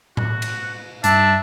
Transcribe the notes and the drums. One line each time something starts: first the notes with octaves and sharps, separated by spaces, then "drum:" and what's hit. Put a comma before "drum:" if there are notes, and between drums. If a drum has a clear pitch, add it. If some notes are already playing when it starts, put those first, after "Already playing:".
F#4, drum: tom A2
drum: cymbal
G2 D4 E5 A5, drum: hi-hat